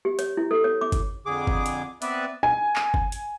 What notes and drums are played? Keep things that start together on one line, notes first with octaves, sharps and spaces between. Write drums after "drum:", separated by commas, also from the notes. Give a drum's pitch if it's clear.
G4
C#5, drum: hi-hat
E4
A4
C#5
D6
drum: kick G1, hi-hat
F2 D3 G#4 D6
drum: kick G1
drum: hi-hat
B3 C4 B4 D5 E5, drum: hi-hat
G#5
drum: clap
drum: kick G1
drum: hi-hat